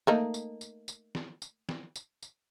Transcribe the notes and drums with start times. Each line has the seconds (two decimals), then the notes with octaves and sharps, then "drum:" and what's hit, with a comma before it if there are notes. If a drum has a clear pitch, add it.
0.07 A3 A#3 D#4, drum: snare
0.34 drum: tambourine
0.61 drum: tambourine
0.88 drum: tambourine
1.15 drum: snare
1.42 drum: tambourine
1.69 drum: snare
1.96 drum: tambourine
2.22 drum: tambourine